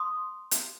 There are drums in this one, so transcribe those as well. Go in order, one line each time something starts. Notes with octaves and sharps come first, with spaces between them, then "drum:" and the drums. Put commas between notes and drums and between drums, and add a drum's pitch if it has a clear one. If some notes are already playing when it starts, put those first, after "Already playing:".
Already playing: C6 D#6
drum: hi-hat